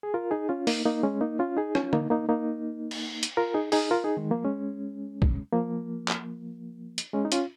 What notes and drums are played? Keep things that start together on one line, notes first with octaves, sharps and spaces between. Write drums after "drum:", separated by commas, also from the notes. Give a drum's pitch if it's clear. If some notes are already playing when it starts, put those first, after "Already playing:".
G#4
F4 A#4
D#4 G#4
C#4 F4
A#3 D#4, drum: open hi-hat
A#3 D#4
G#3 C#4
A#3 D#4
C#4 F4
D#4 G#4
C#4 F4, drum: rim click
A#3 D#4, drum: tom D3
A#3 D#4
A#3 D#4
drum: cymbal
drum: hi-hat
F4 A#4
D#4 G#4
D#4 G#4, drum: open hi-hat
F4 A#4
D#4 G#4
D#3 G#3
F3 A#3
G#3 C#4
drum: kick
F3 A#3
drum: clap
drum: hi-hat
G#3 C#4
D#4
C#4 F4, drum: hi-hat